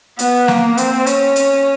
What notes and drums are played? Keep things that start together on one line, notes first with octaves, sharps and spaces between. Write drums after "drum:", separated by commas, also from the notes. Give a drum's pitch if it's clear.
B3, drum: hi-hat
A#3, drum: snare
C4, drum: hi-hat
C#4, drum: hi-hat
drum: hi-hat